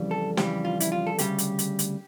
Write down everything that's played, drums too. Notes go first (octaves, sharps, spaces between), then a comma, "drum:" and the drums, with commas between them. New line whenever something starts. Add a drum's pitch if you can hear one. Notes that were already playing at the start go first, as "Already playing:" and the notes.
Already playing: F2 C#3 E3 G3
A4
F2 C#3 E3 G3 G4, drum: snare
F4
E4, drum: hi-hat
F4
A4
D2 C#3 G3 G4, drum: hi-hat
drum: hi-hat
drum: hi-hat
drum: hi-hat